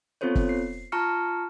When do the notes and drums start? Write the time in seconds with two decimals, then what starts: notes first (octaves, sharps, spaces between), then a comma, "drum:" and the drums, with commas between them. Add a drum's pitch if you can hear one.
0.21 B3 C4 F4 A4 C5 C#5
0.35 drum: kick
0.49 C7
0.92 F4 A5 A#5 C#6 F6 C#7